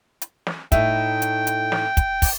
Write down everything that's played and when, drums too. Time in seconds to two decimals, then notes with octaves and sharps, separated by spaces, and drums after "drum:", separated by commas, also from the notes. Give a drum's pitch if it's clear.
0.22 drum: hi-hat
0.47 drum: snare
0.72 A2 D#4 E5 G5, drum: kick, hi-hat
1.22 drum: hi-hat
1.47 drum: hi-hat
1.72 drum: snare
1.97 drum: kick, hi-hat
2.22 drum: kick, open hi-hat